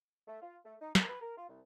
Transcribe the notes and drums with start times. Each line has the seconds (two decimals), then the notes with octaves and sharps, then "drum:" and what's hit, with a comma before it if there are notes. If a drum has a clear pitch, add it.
0.28 A3
0.42 F4
0.65 A3
0.81 D#4
0.95 A#4, drum: snare
1.09 B4
1.22 A#4
1.38 F4
1.49 C2